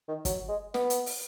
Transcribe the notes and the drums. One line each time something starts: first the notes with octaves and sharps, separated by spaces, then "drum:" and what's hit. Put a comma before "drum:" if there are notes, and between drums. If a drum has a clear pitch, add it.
D#3
F#3, drum: kick, hi-hat
G#3
B3, drum: snare
drum: hi-hat
drum: open hi-hat